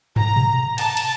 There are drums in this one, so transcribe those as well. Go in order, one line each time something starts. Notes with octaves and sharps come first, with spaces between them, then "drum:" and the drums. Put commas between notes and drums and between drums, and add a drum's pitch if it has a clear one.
A#5, drum: tom
drum: tom B2
A5, drum: cymbal
drum: cymbal